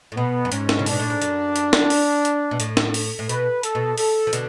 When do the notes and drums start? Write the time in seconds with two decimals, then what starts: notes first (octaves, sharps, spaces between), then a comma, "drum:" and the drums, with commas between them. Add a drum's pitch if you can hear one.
0.12 A2
0.17 B2 B3
0.45 F#2
0.52 G#2 C#4, drum: hi-hat
0.69 drum: snare
0.79 C#3
0.86 B2 D4, drum: open hi-hat
1.00 A2
1.10 G#2
1.22 F#2, drum: hi-hat
1.56 drum: hi-hat
1.73 drum: snare
1.90 drum: open hi-hat
2.25 drum: hi-hat
2.51 B2
2.60 A2, drum: hi-hat
2.77 drum: snare
2.94 drum: open hi-hat
3.19 A2
3.29 B2 B4, drum: hi-hat
3.63 A4, drum: hi-hat
3.75 B2
3.98 A4, drum: open hi-hat
4.27 F3
4.33 B2 D3, drum: hi-hat